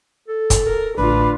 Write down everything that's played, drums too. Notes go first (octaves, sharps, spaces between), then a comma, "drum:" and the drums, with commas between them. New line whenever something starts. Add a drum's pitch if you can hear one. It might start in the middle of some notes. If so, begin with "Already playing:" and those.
A4
drum: kick, hi-hat
A#4
D1 A1 D4 F4 B4 B5